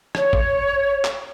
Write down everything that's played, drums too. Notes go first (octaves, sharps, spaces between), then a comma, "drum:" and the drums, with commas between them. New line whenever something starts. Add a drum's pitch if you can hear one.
C#5, drum: rim click
drum: kick A1
drum: clap